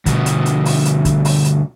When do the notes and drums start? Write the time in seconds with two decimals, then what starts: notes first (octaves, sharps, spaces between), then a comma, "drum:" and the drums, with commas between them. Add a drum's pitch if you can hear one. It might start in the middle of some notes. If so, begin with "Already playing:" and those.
0.06 D2 B2, drum: kick, hi-hat
0.26 drum: hi-hat
0.46 drum: hi-hat
0.65 drum: open hi-hat
0.85 drum: hi-hat
1.05 drum: kick, hi-hat
1.25 drum: open hi-hat
1.45 drum: hi-hat